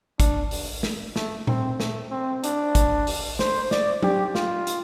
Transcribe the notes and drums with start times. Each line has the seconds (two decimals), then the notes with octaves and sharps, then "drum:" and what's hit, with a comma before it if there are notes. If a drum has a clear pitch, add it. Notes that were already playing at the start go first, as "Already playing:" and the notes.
0.20 D4, drum: kick, hi-hat
0.51 drum: open hi-hat
0.83 drum: snare
1.16 A3, drum: snare
1.47 C4, drum: tom A#2
1.80 A3, drum: snare
2.11 C4
2.44 D4, drum: hi-hat
2.75 drum: kick, hi-hat
3.07 drum: open hi-hat
3.39 C5, drum: snare
3.71 D5, drum: snare
4.03 G4, drum: tom F#3
4.35 F4, drum: snare
4.67 drum: hi-hat